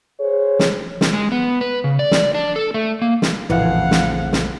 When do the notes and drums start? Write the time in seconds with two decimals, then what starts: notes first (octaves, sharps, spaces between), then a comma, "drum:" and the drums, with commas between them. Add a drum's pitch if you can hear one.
0.20 G#4 C5 C#5
0.59 drum: snare
1.01 drum: snare
1.13 G#3
1.32 B3
1.61 B4
1.84 C#3
1.99 D5
2.11 drum: snare
2.35 D4
2.56 A4
2.74 A3
3.02 A#3
3.22 drum: snare
3.50 A#1 F2 A2 C#3 E3 F5 F#5
3.91 drum: snare
4.33 drum: snare